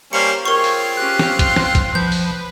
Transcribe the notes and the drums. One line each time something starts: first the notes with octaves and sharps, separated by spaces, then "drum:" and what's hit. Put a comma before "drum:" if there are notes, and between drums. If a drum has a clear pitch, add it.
G3 A#3 C#4 C5 C#7
C4 F4 G#4 A#4 C#5 C#6
drum: open hi-hat
C#4 G4 F#6
drum: snare
C6, drum: kick B1, hi-hat
drum: snare
drum: kick B1, hi-hat
F3 B4 G6
drum: open hi-hat